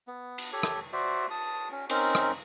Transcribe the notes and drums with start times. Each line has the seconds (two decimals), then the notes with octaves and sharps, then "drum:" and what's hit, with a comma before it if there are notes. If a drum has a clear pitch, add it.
0.07 B3
0.38 drum: cymbal
0.53 G4 A4 C#5
0.63 drum: rim click
0.93 F#4 C5 D5 E5
1.30 A5 D#6
1.72 C#4
1.90 C4 C#4 D#4 A#4, drum: cymbal
2.15 drum: rim click